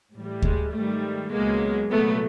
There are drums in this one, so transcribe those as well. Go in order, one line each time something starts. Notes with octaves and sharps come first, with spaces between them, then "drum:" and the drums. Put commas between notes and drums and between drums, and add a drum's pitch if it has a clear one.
A2 E3 G3
G#3, drum: kick D2
G#2 D#3 G3 A3
C#2 B2 F#3 G#3 A#3
C2 A#2 F#3 A3 B3